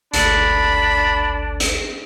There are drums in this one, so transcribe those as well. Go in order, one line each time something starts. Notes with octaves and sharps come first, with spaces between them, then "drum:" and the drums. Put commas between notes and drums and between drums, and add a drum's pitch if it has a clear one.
G#1 D2 D4 A4 B5, drum: hi-hat
drum: hi-hat